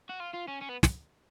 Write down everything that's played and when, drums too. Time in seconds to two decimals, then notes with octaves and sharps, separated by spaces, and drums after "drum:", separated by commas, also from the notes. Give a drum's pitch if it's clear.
0.10 F#4
0.20 F4
0.34 F4
0.48 C#4
0.62 C#4
0.69 B3
0.83 drum: snare